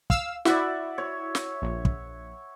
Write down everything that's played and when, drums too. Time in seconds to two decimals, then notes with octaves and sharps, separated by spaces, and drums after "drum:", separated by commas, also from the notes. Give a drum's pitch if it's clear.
0.10 F5 E6, drum: kick
0.45 E4 F#4 D5 E5 F#5, drum: snare
0.98 C#5
1.35 drum: snare
1.62 A#1
1.85 drum: kick